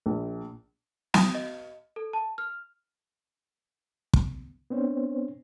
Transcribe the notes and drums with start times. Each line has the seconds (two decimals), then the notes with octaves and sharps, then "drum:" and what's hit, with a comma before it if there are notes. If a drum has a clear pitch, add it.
0.06 A#1
1.14 D#6, drum: snare
1.35 D#5
1.96 A4
2.13 A5
2.38 F6
4.13 drum: kick
4.70 B3 C4 D4 C5 C#5